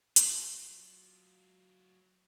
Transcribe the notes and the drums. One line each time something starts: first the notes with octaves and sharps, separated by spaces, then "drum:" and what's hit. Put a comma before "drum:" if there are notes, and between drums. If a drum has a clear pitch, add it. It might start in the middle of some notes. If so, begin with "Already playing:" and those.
F#3 F4, drum: hi-hat